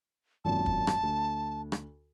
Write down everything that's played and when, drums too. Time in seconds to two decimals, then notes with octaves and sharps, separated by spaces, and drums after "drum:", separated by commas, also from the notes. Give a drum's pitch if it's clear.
0.45 G#1 F#2 A#2 A5
0.66 drum: kick
0.87 drum: rim click
1.03 D2
1.72 drum: rim click